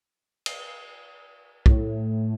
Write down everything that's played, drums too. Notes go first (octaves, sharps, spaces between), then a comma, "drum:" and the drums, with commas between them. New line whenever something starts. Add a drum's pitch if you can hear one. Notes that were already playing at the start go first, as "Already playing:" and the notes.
drum: cymbal
A2, drum: kick